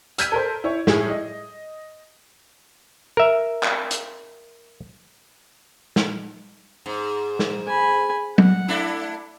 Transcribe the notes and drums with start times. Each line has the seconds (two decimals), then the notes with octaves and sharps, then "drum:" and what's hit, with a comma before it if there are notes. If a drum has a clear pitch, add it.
0.18 E6 F6 G6 G#6 B6 D#7, drum: hi-hat
0.32 A4 A#4 C5
0.64 E4 C#5
0.87 A2 G#4, drum: snare
1.10 D#5
3.17 A#4 E5
3.63 drum: clap
3.91 drum: hi-hat
5.96 drum: snare
6.86 G#2
7.39 drum: snare
7.67 G#5 B5
8.38 F#5, drum: tom F#3
8.68 A3 D4 E4